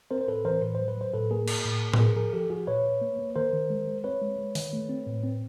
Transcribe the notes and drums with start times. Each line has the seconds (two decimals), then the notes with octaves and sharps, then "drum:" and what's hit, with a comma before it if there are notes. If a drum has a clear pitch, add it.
0.11 C4 A#4 C5
0.21 C5
0.28 A2 A4 B4
0.45 E3 A#4 C5
0.62 A2 B4
0.75 F#3 C5
0.88 B4
0.96 F#3 C5
1.13 A2 A4 B4
1.31 A#3 G#4 A#4
1.48 A#3, drum: cymbal
1.65 A2
1.82 A2
1.94 B4, drum: tom A2
1.99 A#2 G#4 A#4
2.16 F3 G#4 A#4
2.33 F3 G4 A4
2.50 F3 F#4 G#4
2.67 A#2 B4 C#5
2.85 A#2
3.01 A#3
3.19 A#3
3.36 D#3 A#4 C5
3.53 D#3
3.70 G#3
3.87 G#3
4.04 C4 B4 C#5
4.21 G#3
4.38 G#3
4.55 D#3, drum: open hi-hat
4.73 A3
4.89 C4
5.07 A2
5.23 C4